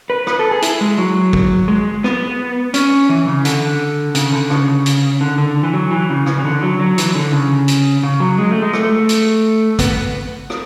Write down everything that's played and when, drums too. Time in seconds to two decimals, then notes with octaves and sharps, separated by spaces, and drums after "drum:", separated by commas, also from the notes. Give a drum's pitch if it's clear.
0.10 B4
0.27 B4, drum: rim click
0.39 A4
0.51 G#4
0.62 E4, drum: hi-hat
0.81 G#3
0.98 F#3
1.33 drum: kick
1.68 G#3
2.04 B3, drum: rim click
2.74 C#4, drum: hi-hat
3.09 E3
3.28 C#3
3.45 D3, drum: hi-hat
4.15 C#3, drum: hi-hat
4.32 D3
4.50 C#3, drum: rim click
4.86 drum: hi-hat
5.21 D3
5.38 D3
5.63 E3
5.73 F#3
5.91 E3
6.10 C#3
6.26 C#3, drum: rim click
6.37 E3
6.45 D3
6.63 F#3
6.79 F#3
6.98 E3, drum: hi-hat
7.15 D3
7.32 C#3
7.68 drum: hi-hat
8.03 C#3
8.20 F#3
8.38 G#3
8.51 A3
8.62 G#3
8.73 A3, drum: rim click
9.09 drum: hi-hat
9.79 B3, drum: kick, hi-hat
10.50 drum: rim click